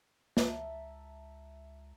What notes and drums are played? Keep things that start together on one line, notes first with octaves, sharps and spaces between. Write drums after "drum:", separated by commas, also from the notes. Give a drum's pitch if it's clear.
C#2 E5 A5 A#5, drum: snare